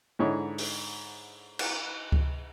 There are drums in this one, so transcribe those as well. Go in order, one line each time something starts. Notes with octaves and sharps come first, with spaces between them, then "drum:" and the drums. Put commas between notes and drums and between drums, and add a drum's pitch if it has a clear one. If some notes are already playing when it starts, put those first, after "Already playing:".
G#2 D3 E4 C#5 D#5
drum: open hi-hat
drum: cymbal
drum: kick C#2